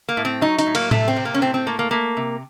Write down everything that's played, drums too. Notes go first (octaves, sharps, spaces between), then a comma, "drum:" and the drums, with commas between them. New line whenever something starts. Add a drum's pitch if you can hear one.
A#3
A2
C4
F#3 D#4
D#4, drum: hi-hat
A2
A#3, drum: cymbal
C3 A3, drum: tom A2
C4
C3
A#3
C#4
A2 C4
C4
A3 A#3
A#3
A3 A#3
C3